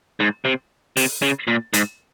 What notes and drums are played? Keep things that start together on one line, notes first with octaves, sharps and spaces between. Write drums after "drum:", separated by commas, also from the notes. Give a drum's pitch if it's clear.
G#2
C3
C3, drum: open hi-hat
C#3
A#2
G#2, drum: hi-hat